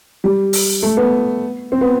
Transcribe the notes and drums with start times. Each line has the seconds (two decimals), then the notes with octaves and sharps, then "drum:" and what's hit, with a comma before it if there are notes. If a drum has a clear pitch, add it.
0.24 G3
0.53 drum: open hi-hat
0.83 A3
0.97 B3
1.72 C4
1.81 B3